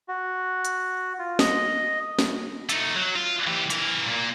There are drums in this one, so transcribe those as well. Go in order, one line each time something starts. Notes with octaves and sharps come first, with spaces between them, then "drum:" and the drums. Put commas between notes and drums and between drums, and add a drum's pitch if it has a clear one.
F#4
drum: hi-hat
F4
D#5, drum: snare
drum: snare
A3 D#4, drum: hi-hat
F#3
F4
E3 G4
E3 A#4, drum: hi-hat
A#2 A#3